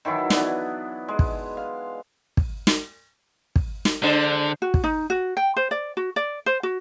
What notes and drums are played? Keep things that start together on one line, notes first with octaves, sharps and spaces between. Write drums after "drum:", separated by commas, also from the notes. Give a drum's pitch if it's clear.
D#3 E3 F#3 E4
B3 D4, drum: snare
G#3
drum: kick
F5
drum: kick
drum: snare
drum: kick
drum: snare
D3 G#3 D4 C5
F#4
drum: kick
D#4
F#4
G5
C5
D5
F#4
D5
C5
F#4